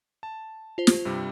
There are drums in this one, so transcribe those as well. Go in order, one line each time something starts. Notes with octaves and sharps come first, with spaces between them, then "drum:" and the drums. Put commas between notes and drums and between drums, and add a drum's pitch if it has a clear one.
A5
F4 C5
drum: snare
G2 C3 G3